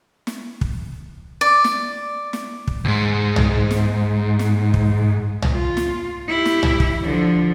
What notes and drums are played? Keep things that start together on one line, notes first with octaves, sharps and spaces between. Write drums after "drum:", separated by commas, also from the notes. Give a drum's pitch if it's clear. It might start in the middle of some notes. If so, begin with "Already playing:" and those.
drum: snare
drum: kick
D5
drum: snare
drum: snare
drum: kick
C#2 G#2
drum: tom
drum: snare
drum: snare
drum: kick
drum: tom
F4
drum: snare
E4 G4
drum: snare
drum: tom
drum: kick
D3 F3